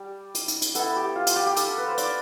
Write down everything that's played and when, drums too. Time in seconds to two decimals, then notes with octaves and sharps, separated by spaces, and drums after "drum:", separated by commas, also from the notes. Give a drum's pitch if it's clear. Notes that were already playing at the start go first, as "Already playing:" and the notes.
Already playing: G3 G5
0.35 drum: hi-hat
0.48 drum: hi-hat
0.62 drum: hi-hat
0.75 B3 E4 A4, drum: hi-hat
0.96 G4
1.16 F4
1.27 F4, drum: hi-hat
1.36 G4
1.46 G4
1.57 A4, drum: hi-hat
1.78 B4
1.88 C5
1.98 D5, drum: hi-hat